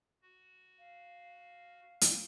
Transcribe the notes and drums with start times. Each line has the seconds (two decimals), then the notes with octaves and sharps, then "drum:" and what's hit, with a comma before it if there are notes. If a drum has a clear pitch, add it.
0.22 F#4
0.79 F5
2.01 drum: hi-hat